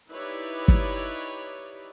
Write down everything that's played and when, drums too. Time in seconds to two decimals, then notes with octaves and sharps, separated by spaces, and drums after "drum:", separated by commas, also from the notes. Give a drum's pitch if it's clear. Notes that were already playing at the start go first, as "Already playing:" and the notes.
0.11 D#4 E4 G4 B4 C#5 D5
0.68 drum: kick